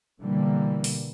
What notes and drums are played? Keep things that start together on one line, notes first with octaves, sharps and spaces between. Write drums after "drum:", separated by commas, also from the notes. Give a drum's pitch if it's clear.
B2 D3 E3 G3 A#3
drum: open hi-hat